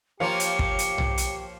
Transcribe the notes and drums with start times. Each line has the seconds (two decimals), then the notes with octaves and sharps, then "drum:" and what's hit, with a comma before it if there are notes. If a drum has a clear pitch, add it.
0.20 F3 A#3 F4 G4 C#5 F5 C#7
0.40 drum: hi-hat
0.59 drum: kick
0.79 drum: hi-hat
0.98 drum: tom B1
1.18 drum: hi-hat